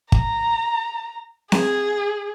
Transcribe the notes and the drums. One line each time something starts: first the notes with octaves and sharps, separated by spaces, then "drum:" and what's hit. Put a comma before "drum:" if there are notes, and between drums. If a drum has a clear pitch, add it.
A#5, drum: kick
G#4, drum: snare C4